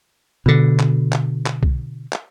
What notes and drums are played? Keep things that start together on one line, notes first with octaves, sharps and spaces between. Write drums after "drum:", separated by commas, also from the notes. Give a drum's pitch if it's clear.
B2 D3
drum: clap
drum: clap
drum: clap
drum: kick B1
drum: clap